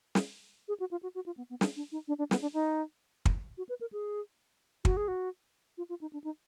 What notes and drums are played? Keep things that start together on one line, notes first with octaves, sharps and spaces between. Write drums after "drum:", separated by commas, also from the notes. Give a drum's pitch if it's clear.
drum: snare
G#4
F#4
F4
F#4
F#4
F4
B3
B3
D4, drum: snare
D4
D#4
D4
D4
B3, drum: snare
D4
D#4
drum: kick
F#4
B4
A#4
G#4
F#4, drum: kick
G#4
F#4
F4
F4
D#4
D4
D#4